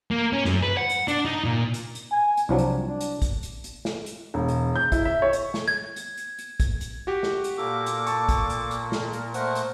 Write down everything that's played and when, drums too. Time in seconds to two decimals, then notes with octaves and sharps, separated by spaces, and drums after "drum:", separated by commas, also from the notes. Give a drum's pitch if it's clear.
0.11 A#3
0.33 C#4
0.45 F#2, drum: snare
0.63 B4
0.77 F#5
0.89 drum: hi-hat
1.08 D4, drum: hi-hat
1.26 D#4
1.44 A#2
1.74 drum: hi-hat
1.95 drum: hi-hat
2.11 G#5
2.37 drum: hi-hat
2.49 C2 F3 F#3 D4
2.58 drum: hi-hat
2.88 D4
3.01 drum: hi-hat
3.22 drum: kick, hi-hat
3.43 drum: hi-hat
3.64 drum: hi-hat
3.85 drum: snare
4.06 drum: hi-hat
4.34 E1
4.48 drum: hi-hat
4.76 G6
4.92 E4, drum: kick, hi-hat
5.05 E5
5.22 C#5
5.33 drum: hi-hat
5.54 drum: snare
5.68 G#6
5.96 drum: hi-hat
6.17 drum: hi-hat
6.39 drum: hi-hat
6.60 drum: kick, hi-hat
6.81 drum: hi-hat
7.07 F#4 G4
7.23 drum: snare
7.44 drum: hi-hat
7.57 A#2 A#3 A4 D6
7.86 drum: hi-hat
8.07 A5 C#6, drum: hi-hat
8.29 drum: kick, hi-hat
8.50 drum: hi-hat
8.71 drum: hi-hat
8.92 drum: snare
9.13 drum: hi-hat
9.34 A3 C5 F#5, drum: hi-hat
9.55 drum: hi-hat